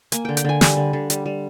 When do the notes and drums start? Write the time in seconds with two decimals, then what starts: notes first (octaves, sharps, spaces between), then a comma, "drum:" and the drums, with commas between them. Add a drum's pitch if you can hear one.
0.12 A#3 G#5, drum: hi-hat
0.25 D3 G5
0.37 G5, drum: hi-hat
0.44 D3 G#5
0.61 G3 G#5, drum: snare
0.77 D3
0.93 D3
1.10 G3, drum: hi-hat
1.26 G3